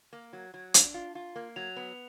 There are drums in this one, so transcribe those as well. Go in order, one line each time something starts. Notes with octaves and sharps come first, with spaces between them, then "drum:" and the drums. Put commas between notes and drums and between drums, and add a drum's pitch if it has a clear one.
A#3
F#3
F#3
D4, drum: hi-hat
F4
F4
A#3
F#3 F7
B3